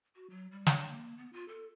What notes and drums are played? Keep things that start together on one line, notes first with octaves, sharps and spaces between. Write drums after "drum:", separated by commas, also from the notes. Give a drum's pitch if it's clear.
F#4
F#3
G3
drum: snare
A#3
B3
F4
A4